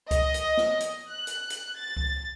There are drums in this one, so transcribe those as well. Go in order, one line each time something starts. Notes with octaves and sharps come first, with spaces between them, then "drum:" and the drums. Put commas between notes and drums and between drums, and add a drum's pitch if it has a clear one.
D#5, drum: kick C#2, hi-hat
drum: hi-hat
drum: snare
drum: hi-hat
F#6
drum: hi-hat
drum: hi-hat
A6
drum: kick C#2